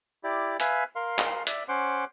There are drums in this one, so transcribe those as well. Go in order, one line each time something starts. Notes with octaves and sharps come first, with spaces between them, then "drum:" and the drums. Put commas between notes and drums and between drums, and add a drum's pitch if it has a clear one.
E4 G4 D5
B4 E5 F5 G#5, drum: hi-hat
A#4 F5 C6
drum: clap
D5 E5, drum: hi-hat
C#4 C5 F#5 C6 D6